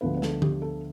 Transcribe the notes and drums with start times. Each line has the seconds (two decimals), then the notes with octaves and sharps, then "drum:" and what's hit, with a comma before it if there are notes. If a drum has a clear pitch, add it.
0.01 D2 D3 F3 B3 B4
0.17 B4
0.22 A4, drum: snare
0.42 G4, drum: tom D3
0.62 A4